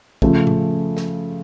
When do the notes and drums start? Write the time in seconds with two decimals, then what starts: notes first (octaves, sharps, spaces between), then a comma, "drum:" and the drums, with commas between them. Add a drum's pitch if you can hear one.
0.22 C#3 F3 A3, drum: kick
0.47 drum: tom A2
0.97 drum: snare